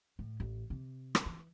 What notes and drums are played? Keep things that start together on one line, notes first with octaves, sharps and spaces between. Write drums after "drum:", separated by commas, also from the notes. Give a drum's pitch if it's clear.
A2
A1
C3
drum: rim click
E3